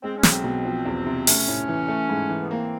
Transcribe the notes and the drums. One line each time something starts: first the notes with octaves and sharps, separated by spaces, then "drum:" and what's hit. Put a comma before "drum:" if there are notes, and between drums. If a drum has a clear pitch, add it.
G#3 C4
C#4
B1, drum: snare
C4
B2
F3
E2
C3
A3 C#4, drum: open hi-hat
A2
E3
A3
G#2
E3
B3
A#3 C4